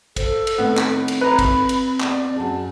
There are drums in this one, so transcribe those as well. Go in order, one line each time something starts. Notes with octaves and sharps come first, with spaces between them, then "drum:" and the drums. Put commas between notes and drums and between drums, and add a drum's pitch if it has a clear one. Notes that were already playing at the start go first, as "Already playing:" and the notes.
A4 C5, drum: kick, cymbal
drum: cymbal
A2 D#3 B3 C4 E4
drum: clap
drum: cymbal
B4 A#5 B5
drum: kick, cymbal
drum: cymbal
E2 D5 G5, drum: clap
F#2 G#4 A5